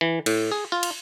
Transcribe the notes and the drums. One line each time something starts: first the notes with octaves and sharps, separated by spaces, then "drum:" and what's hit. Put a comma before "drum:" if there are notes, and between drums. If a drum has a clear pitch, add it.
E3
A2, drum: cymbal
G#4
F4
drum: cymbal